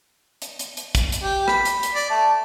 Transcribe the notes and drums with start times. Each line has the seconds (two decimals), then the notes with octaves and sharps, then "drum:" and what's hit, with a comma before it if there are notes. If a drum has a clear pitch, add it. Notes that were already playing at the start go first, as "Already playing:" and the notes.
0.42 drum: hi-hat
0.59 drum: hi-hat
0.77 drum: hi-hat
0.95 drum: kick, hi-hat
1.12 drum: hi-hat
1.23 G4
1.48 B5, drum: rim click
1.65 drum: hi-hat
1.83 drum: hi-hat
1.94 D5
2.10 A3